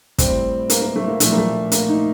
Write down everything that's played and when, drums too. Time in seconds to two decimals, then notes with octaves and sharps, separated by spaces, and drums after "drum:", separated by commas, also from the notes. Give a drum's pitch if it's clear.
0.19 A2 G3 C4, drum: kick, hi-hat
0.70 A#3, drum: hi-hat
0.82 A#3
0.96 A3
1.08 A#3
1.20 A#2 F3 A3, drum: hi-hat
1.32 A#3
1.38 A3
1.72 A#3, drum: hi-hat
1.89 D#4